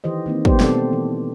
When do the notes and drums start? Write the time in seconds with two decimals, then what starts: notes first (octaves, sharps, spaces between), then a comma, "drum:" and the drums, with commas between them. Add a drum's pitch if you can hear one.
0.04 D#3 E3 G4 C5 D#5
0.26 D#3 A#3 C4
0.45 G3 A#3 B3 G4 C5 D5, drum: kick
0.60 B2 A3 C4 A4 D5, drum: snare
0.93 E3